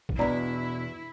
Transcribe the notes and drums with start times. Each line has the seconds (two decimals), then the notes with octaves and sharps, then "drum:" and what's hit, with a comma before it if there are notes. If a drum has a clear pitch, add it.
0.09 drum: kick
0.19 E2 B2 D4 E4 D5 A#5